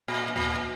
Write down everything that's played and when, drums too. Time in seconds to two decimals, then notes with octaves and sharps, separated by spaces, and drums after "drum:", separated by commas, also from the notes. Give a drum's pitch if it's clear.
0.08 A#2
0.36 A#2, drum: tom D2